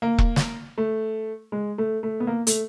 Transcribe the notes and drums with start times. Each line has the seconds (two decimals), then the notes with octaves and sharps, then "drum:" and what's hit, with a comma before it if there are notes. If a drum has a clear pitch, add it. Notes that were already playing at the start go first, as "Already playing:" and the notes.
0.02 A#3
0.18 drum: kick E1
0.36 drum: snare
0.78 A3
1.52 G#3
1.78 A3
2.03 A3
2.20 B3
2.27 A#3
2.47 A3, drum: hi-hat